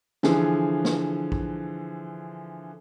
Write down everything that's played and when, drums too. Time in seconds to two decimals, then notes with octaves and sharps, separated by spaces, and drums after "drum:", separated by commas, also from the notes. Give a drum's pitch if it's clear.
0.23 D3 E3 F3 G#4, drum: snare
0.85 drum: snare
1.32 drum: kick A#1